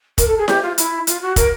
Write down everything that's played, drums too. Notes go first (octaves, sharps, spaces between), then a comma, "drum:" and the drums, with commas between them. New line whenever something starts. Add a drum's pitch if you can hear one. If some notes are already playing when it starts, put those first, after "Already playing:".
A#4, drum: kick, hi-hat
A4
G#4
G4, drum: snare E4
F4
E4, drum: hi-hat
F4, drum: hi-hat
F#4
A#4, drum: kick, hi-hat